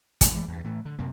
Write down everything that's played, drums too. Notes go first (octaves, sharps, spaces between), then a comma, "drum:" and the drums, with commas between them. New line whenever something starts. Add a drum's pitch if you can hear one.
F#2 A2 G#3 A#3, drum: kick, hi-hat
E3 G#3 A3
E2 G2
A2 E3 A3
D3
F#2 C3 A#3